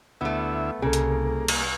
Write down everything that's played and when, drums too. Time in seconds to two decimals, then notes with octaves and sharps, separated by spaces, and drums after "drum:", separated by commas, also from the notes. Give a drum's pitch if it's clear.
0.21 D2 A3 B3 E4 E5
0.82 C2 C#3 A#3 G#4 A4
0.93 drum: hi-hat
1.48 drum: cymbal